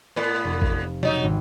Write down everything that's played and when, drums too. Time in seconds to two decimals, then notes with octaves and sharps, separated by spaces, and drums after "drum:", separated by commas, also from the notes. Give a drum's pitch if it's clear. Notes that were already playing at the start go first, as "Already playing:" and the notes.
0.16 A2 B3
0.44 F1
0.62 drum: kick A1
1.03 F#3 D#4, drum: tom B2
1.24 G#1